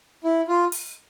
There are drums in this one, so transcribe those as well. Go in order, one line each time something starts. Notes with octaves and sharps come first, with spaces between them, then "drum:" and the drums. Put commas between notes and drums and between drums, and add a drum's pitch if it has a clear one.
E4
F4
drum: open hi-hat